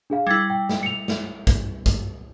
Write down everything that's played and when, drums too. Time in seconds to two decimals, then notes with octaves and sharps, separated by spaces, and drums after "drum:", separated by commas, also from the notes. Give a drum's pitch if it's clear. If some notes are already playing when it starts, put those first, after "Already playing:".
0.10 D4 G#4 F5
0.27 G3 E4 G#6
0.50 G5
0.69 drum: snare
0.83 C#7 F7
1.08 drum: snare
1.47 drum: kick, hi-hat
1.86 drum: kick, hi-hat